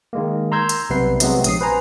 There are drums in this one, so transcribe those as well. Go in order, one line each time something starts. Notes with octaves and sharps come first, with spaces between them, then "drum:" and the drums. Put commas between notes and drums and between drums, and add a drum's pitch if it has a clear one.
D#3 G#3 A#3
A#5 C6 E6 G6 G#6
drum: hi-hat
B1 C3 G3 B3 B4 C7
C3 F#3 G#3 B3 C4, drum: hi-hat
A#1 D#6 C7, drum: hi-hat
B4 C5 G#5 A#5